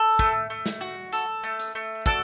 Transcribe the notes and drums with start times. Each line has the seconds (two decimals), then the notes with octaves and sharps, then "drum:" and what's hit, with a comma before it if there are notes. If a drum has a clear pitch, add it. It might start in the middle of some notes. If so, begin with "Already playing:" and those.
Already playing: A4
0.19 A3, drum: kick
0.50 A3
0.66 drum: snare
0.81 F#4
1.13 A4, drum: hi-hat
1.43 A3
1.59 drum: hi-hat
1.75 A3
2.06 F#4 A4 D5, drum: kick